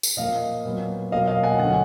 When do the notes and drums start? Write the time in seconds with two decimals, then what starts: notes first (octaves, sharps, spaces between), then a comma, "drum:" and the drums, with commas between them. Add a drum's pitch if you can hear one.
0.03 drum: tambourine
0.17 A#2 F3 A#3 D#5 F5
0.65 A#2 F#3 B3
1.12 B2 F#3 A#3 D#5 F5
1.28 D#5 F5
1.43 F#5 G#5
1.58 D2 D3 F#3 F#5 G#5